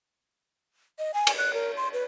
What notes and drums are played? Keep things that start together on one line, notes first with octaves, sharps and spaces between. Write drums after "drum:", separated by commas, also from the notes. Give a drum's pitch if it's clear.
D#5
G#5
drum: cymbal
F#6
A#4
C6
B4